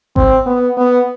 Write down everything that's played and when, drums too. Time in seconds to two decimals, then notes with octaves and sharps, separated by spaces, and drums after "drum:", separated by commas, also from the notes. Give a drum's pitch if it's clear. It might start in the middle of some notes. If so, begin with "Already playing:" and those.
0.16 C4, drum: kick G#1
0.47 B3
0.78 B3